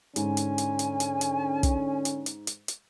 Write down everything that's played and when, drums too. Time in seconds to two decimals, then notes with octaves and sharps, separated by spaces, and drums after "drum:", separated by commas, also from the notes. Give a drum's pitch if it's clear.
0.16 G#2 D3 C#4 G#5, drum: hi-hat
0.37 drum: hi-hat
0.58 drum: hi-hat
0.79 drum: hi-hat
1.00 drum: hi-hat
1.21 drum: hi-hat
1.63 drum: kick, hi-hat
2.05 drum: hi-hat
2.26 drum: hi-hat
2.47 drum: hi-hat
2.68 drum: hi-hat